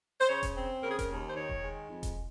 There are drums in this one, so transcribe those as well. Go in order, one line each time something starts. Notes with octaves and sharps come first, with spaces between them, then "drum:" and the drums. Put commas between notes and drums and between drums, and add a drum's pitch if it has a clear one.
C5
C#3 C#5
drum: kick E1, hi-hat
C4
C#3 A#4
G#4
A#4, drum: kick E1, hi-hat
D#2
C5
D#3 C#5
drum: kick E1
G#3
F2
drum: kick E1, hi-hat